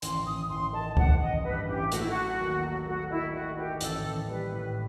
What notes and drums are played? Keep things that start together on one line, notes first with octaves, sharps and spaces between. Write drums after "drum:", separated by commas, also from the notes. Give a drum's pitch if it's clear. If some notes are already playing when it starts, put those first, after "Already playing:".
A1 C6, drum: hi-hat
A1 D#6
A1 C6
D#3 A5
A1 F#5, drum: kick C#2
A1 D#5
G2 B4
A1 G4
A3 F#4, drum: hi-hat
E4
F#4
F#3
D#2
F#3
A3 F#4
D#3 E4
D#3 F#4
D#3 G4
A1 A4, drum: hi-hat
A1
G3 B4
A2